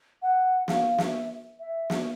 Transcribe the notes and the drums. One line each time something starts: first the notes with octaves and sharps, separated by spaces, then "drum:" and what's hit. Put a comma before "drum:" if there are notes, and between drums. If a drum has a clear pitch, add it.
F#5
F5, drum: snare
E5, drum: snare
E5
drum: snare